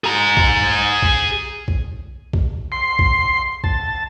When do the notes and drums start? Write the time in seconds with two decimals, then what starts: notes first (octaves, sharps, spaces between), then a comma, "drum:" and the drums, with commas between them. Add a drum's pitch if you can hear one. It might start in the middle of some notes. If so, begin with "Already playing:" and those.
0.04 G#4 A#5
0.37 drum: kick A#1
1.02 drum: kick A#1
1.68 drum: kick A#1
2.33 drum: kick A#1
2.72 C6
2.99 drum: kick A#1
3.64 A5, drum: kick A#1